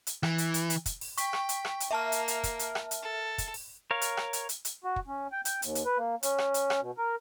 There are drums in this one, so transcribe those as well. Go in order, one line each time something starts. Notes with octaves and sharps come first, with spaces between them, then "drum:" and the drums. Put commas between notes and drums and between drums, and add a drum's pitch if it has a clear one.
drum: hi-hat
E3, drum: rim click
drum: hi-hat
drum: hi-hat
drum: hi-hat
drum: kick, hi-hat
drum: open hi-hat
G5 C#6 B6, drum: hi-hat
drum: rim click
drum: hi-hat
drum: rim click
drum: hi-hat
A#3 E5 A5 F6
drum: hi-hat
drum: hi-hat
drum: kick, hi-hat
drum: hi-hat
drum: rim click
drum: hi-hat
A4
drum: kick, hi-hat
drum: open hi-hat
A#4 C#5 F5
drum: hi-hat
drum: rim click
drum: hi-hat
drum: hi-hat
drum: hi-hat
F#4
drum: kick
C#4
G5
G5, drum: hi-hat
D#2, drum: hi-hat
drum: hi-hat
B4
A#3
C#4, drum: hi-hat
drum: rim click
drum: hi-hat
drum: rim click
B2
A#4